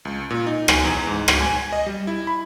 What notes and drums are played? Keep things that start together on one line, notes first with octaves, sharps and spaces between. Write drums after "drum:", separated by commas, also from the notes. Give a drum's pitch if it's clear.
C#2
A#2
D#4
G#5, drum: rim click
E2
G#2
drum: rim click
G#5
G#5
D#5
G3
E4
B5